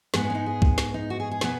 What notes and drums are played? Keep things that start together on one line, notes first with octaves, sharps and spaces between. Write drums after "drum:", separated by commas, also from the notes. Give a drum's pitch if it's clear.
G#2 G#3 B3 B4, drum: snare
G#4
C#4
D#4
G#4
drum: kick B1
drum: snare
D#4
F#4
G#4
G#4
B2 B3, drum: snare